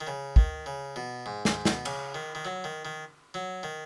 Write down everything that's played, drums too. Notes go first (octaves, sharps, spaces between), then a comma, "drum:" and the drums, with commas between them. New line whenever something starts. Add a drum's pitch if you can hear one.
D#3
C#3
D#3, drum: kick
C#3
B2
G#2
G#2, drum: snare
B2, drum: snare
C#3, drum: cymbal
D#3
D#3
F#3
D#3
D#3
F#3
D#3